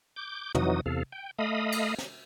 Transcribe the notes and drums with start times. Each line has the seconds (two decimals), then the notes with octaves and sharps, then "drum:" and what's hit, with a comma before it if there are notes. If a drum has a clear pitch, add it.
0.16 D6 G6
0.55 F2 E3 F#3 D#4 F#4 D#6, drum: tom
0.86 E2 C3 A4 F5
1.12 G5
1.39 A3 D#5 F5 B5 D#6
1.72 drum: cymbal
1.98 drum: snare